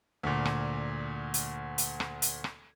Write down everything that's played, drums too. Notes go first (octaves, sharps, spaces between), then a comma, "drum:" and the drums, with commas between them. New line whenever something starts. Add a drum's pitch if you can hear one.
D2 A#2
drum: rim click
drum: hi-hat
drum: hi-hat
drum: rim click
drum: hi-hat
drum: rim click